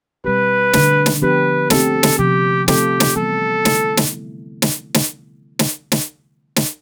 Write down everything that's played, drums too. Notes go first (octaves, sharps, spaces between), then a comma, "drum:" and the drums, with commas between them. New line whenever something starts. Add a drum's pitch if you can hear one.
B2 G3 C4 G4 B4
D3 A3 D4, drum: snare
drum: snare
F3 B3 D4 G4 B4
A3 C4 G4 A4, drum: snare
drum: snare
C3 F3 B3 G4
A3 C4 F4 G4 A4, drum: snare
drum: snare
E3 G3 B3 A4
D3 A3 E4, drum: snare
drum: snare
drum: snare
drum: snare
drum: snare
drum: snare
drum: snare